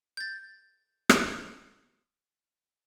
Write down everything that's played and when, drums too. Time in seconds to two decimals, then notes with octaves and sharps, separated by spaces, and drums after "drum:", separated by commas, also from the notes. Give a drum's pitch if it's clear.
0.17 G6 A6
1.09 drum: rim click